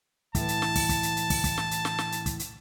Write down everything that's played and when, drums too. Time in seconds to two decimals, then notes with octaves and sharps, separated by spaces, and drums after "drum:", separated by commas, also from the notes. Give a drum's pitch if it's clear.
0.35 A2 E3 A5, drum: kick, hi-hat
0.48 drum: hi-hat
0.62 drum: snare
0.76 drum: kick, open hi-hat
0.89 drum: kick, hi-hat
1.03 drum: hi-hat
1.17 drum: hi-hat
1.30 drum: kick, open hi-hat
1.44 drum: kick, hi-hat
1.58 drum: snare
1.71 drum: hi-hat
1.85 drum: snare
1.98 drum: snare
2.12 drum: hi-hat
2.26 drum: kick, hi-hat
2.39 drum: hi-hat